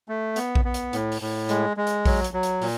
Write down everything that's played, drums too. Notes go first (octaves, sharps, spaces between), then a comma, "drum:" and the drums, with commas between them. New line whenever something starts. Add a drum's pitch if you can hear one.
A3
B3, drum: hi-hat
drum: kick A#1
B3
drum: hi-hat
A2, drum: hi-hat
drum: open hi-hat
A2
G#3, drum: hi-hat
G#3
drum: hi-hat
F#3, drum: kick A#1, open hi-hat
drum: hi-hat
F#3
drum: hi-hat
A#2, drum: open hi-hat